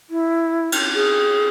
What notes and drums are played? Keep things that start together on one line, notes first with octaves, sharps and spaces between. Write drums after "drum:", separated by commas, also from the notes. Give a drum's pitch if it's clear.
E4
drum: cymbal
G#4